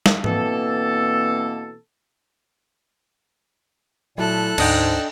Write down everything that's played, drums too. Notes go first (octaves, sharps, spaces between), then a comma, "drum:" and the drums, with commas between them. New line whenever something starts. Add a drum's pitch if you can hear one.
drum: snare
B2 E3 A#3 C4 A4, drum: tom G#2
A#2 F#3 A3 E4 A4 F#6
D2 G#2 D4 D#5 G5, drum: cymbal